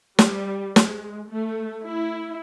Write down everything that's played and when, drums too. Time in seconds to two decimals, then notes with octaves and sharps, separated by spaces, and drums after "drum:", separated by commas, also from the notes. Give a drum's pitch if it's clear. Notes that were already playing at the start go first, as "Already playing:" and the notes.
0.19 G3, drum: snare
0.76 G#3, drum: snare
1.29 A3
1.84 E4